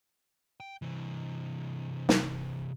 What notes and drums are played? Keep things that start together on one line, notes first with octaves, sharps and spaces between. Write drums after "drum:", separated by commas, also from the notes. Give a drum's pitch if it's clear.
G5
C3 E3
drum: snare